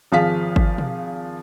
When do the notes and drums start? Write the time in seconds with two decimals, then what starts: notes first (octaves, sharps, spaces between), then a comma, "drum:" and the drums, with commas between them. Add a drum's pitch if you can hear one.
0.12 G#1 F3 G#4 F5 B6
0.56 drum: kick G1
0.78 drum: tom B2